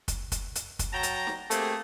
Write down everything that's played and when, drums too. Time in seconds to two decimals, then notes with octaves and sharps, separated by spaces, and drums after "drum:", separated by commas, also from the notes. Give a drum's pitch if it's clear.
0.08 drum: kick, hi-hat
0.32 drum: kick, hi-hat
0.55 drum: hi-hat
0.79 drum: kick, hi-hat
0.93 F#3 G5 A5 A#5
1.03 drum: hi-hat
1.27 drum: snare
1.51 A3 A#3 C4 G4 G#4, drum: hi-hat